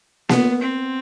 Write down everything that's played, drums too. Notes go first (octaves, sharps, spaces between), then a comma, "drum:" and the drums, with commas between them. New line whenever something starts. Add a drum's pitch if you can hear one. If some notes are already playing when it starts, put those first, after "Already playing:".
B3, drum: snare A#3
C4